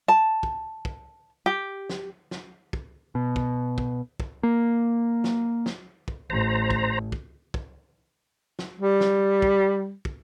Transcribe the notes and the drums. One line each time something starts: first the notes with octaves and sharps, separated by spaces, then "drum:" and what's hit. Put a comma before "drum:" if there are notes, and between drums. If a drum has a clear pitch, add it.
A5
drum: kick
drum: kick
G4
drum: snare
drum: snare
drum: kick
B2
drum: kick
drum: kick
drum: kick
A#3
drum: snare
drum: snare
drum: kick
A1 C5 A#5
drum: kick
drum: kick
drum: kick
drum: snare
G3
drum: snare
drum: kick
drum: kick